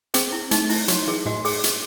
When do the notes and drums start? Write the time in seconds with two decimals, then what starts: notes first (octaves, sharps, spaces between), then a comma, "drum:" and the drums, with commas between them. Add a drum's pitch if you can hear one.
0.14 C4 G#4, drum: hi-hat
0.32 E4
0.51 A3 D#4, drum: hi-hat
0.70 E4, drum: open hi-hat
0.88 F#3 F#4, drum: hi-hat
1.07 E3 G#4
1.26 A2 F#4
1.45 G#4, drum: open hi-hat
1.64 drum: hi-hat